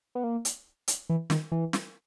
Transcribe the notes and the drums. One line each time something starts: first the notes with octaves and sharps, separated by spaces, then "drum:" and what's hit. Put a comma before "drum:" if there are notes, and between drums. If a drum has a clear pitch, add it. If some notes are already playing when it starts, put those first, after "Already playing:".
B3
A#3
drum: hi-hat
drum: hi-hat
E3
D#3, drum: snare
E3
drum: snare